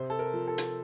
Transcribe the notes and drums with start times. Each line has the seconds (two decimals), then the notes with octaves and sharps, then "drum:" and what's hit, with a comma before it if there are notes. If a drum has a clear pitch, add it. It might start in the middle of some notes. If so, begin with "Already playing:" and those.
Already playing: C3 C5
0.10 A4
0.19 A#4
0.33 F3
0.48 A4
0.58 drum: hi-hat